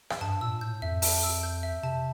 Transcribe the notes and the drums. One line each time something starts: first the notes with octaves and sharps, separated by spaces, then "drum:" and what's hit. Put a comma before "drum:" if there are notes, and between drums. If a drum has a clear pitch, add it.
drum: rim click
G2 A5
A#2 E6
A2 G6
F2 E5
A5, drum: open hi-hat
E6
G6
E5
C3 A5